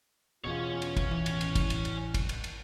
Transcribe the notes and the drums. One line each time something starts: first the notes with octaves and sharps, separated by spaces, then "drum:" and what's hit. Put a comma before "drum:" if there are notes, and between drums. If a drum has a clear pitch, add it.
E2 B2 C#4 F4 C#5
drum: cymbal
drum: kick, cymbal
A2 E3
drum: cymbal
drum: cymbal
drum: kick, cymbal
drum: cymbal
drum: cymbal
drum: kick, cymbal
drum: cymbal
drum: cymbal